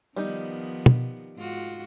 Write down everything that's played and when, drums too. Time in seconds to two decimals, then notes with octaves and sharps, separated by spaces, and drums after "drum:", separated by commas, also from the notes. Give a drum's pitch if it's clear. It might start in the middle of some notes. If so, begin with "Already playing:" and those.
0.16 D#3 F3 G3 B3 D#4
0.86 drum: tom
1.37 G#2 F4 F#4